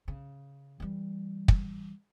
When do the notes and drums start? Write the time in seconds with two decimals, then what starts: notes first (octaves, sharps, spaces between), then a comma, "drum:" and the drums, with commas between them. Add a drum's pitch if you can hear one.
0.08 C#3
0.80 E3 G3
1.48 drum: kick